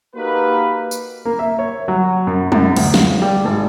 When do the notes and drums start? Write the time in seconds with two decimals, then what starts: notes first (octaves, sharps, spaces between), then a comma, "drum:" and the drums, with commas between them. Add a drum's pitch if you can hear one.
0.16 A#3 D#4 F#4 G4 A#4 B4
0.91 drum: tambourine
1.25 A#3
1.39 E5
1.59 C#5
1.88 F#3
2.27 F#2
2.52 F#2, drum: tom G3
2.76 D2, drum: cymbal
2.94 F5, drum: snare
3.22 G3
3.45 G#1